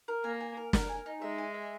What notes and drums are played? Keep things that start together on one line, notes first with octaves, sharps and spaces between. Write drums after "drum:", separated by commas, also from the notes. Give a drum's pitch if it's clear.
A#4
A#3 G#5
G#5
A#4
A#4, drum: snare
G#5
D#4
G#3 E5
G#5
E5